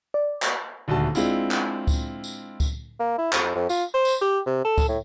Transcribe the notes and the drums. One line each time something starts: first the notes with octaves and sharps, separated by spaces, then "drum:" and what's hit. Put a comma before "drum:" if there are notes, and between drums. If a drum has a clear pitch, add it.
D5
drum: clap
D#1 D2 F#4 A5
G#3 C4 D4 E4 F4, drum: tambourine
drum: clap
drum: kick C#2, tambourine
drum: tambourine
drum: kick C#2, tambourine
A#3
E4
F2, drum: clap
F2
F4, drum: tambourine
C5
drum: tambourine
G4
C3
A4
drum: kick C#2, tambourine
A2